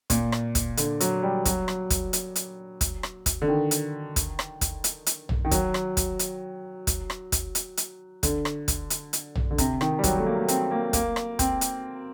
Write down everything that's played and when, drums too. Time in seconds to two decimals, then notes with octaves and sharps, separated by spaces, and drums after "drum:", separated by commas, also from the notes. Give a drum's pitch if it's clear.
0.10 A#2, drum: kick, hi-hat
0.32 drum: rim click
0.55 drum: kick, hi-hat
0.77 D3, drum: hi-hat
1.00 F#3, drum: hi-hat
1.23 G3
1.45 F#3, drum: kick, hi-hat
1.68 drum: rim click
1.90 drum: kick, hi-hat
2.13 drum: hi-hat
2.36 drum: hi-hat
2.81 drum: kick, hi-hat
3.03 drum: rim click
3.26 drum: kick, hi-hat
3.42 D3
3.48 D#3
3.71 drum: hi-hat
4.16 drum: kick, hi-hat
4.39 drum: rim click
4.61 drum: kick, hi-hat
4.84 drum: hi-hat
5.06 drum: hi-hat
5.29 drum: tom A#1
5.45 D#3
5.51 F#3, drum: kick, hi-hat
5.74 drum: rim click
5.97 drum: kick, hi-hat
6.19 drum: hi-hat
6.87 drum: kick, hi-hat
7.10 drum: rim click
7.32 drum: kick, hi-hat
7.55 drum: hi-hat
7.77 drum: hi-hat
8.23 D3, drum: kick, hi-hat
8.45 drum: rim click
8.68 drum: kick, hi-hat
8.90 drum: hi-hat
9.13 drum: hi-hat
9.35 drum: tom A#1
9.51 D3
9.58 C3, drum: kick, hi-hat
9.81 D#3, drum: rim click
9.99 G3
10.04 F#3, drum: kick, hi-hat
10.18 A3
10.26 A#3
10.38 A#3
10.48 C4, drum: hi-hat
10.71 A#3
10.93 A#3, drum: kick, hi-hat
11.16 drum: rim click
11.39 C4, drum: kick, hi-hat
11.61 drum: hi-hat